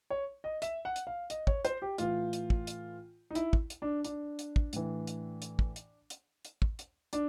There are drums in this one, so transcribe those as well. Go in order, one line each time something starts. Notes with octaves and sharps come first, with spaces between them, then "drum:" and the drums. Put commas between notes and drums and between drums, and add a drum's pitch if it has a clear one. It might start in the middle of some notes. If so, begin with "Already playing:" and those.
C#5
D#5
E5, drum: hi-hat
F#5
drum: hi-hat
F5
D#5, drum: hi-hat
C#5, drum: kick
C5, drum: hi-hat
G4
A2 E3 F4, drum: hi-hat
drum: hi-hat
drum: kick
drum: hi-hat
D#4
E4, drum: hi-hat
drum: kick
drum: hi-hat
D4
D4, drum: hi-hat
drum: hi-hat
drum: kick
A2 E3, drum: hi-hat
drum: hi-hat
drum: hi-hat
drum: kick
drum: hi-hat
drum: hi-hat
drum: hi-hat
drum: kick
drum: hi-hat
D4, drum: hi-hat